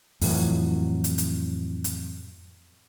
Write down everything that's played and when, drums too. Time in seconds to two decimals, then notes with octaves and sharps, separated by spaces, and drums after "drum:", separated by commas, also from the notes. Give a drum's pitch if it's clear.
0.21 F2 A2 E3 F#3, drum: open hi-hat
1.04 drum: hi-hat
1.18 drum: hi-hat
1.84 drum: hi-hat